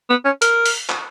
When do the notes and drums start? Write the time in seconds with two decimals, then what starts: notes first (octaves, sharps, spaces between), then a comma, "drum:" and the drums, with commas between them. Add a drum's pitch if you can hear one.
0.10 B3
0.25 C#4
0.42 A#4, drum: hi-hat
0.66 drum: open hi-hat
0.89 drum: clap